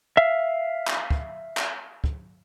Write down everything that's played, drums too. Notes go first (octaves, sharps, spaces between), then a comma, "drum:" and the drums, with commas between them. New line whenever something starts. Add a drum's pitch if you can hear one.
E5 F5
drum: clap
drum: kick
drum: clap
drum: kick